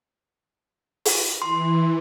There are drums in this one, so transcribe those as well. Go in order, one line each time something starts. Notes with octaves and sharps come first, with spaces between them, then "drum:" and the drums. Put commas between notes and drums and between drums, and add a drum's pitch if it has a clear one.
drum: open hi-hat
E3 C6